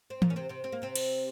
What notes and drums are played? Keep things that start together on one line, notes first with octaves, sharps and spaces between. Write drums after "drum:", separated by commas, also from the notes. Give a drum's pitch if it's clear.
C4
A#2 A#3, drum: tom E3
C#4
C3 C4
C3 C4
C4
A#3
C3 C4
drum: cymbal